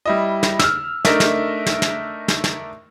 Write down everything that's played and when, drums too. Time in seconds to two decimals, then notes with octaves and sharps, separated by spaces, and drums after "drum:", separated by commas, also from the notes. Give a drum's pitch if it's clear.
0.06 G3 E4 D#5
0.43 drum: snare
0.59 E6 F6, drum: snare
1.05 A3 D4 D#4 A#4 E5, drum: snare
1.20 drum: snare
1.66 drum: snare
1.82 drum: snare
2.28 drum: snare
2.44 drum: snare